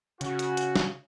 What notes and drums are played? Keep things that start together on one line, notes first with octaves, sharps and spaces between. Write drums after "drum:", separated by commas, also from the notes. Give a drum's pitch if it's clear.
C#3 F#4, drum: hi-hat
drum: hi-hat
drum: hi-hat
drum: snare